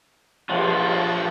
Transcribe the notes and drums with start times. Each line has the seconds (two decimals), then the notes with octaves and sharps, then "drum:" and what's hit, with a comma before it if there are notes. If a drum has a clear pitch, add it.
0.49 F3 D4 F4, drum: cymbal